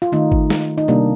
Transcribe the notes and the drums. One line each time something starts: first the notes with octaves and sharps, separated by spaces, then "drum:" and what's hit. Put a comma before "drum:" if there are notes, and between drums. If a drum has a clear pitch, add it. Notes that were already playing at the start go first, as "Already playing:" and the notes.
F4
D#3 A3 D#4
drum: kick G#1
drum: snare
D#4
C3 G3 A#3 D4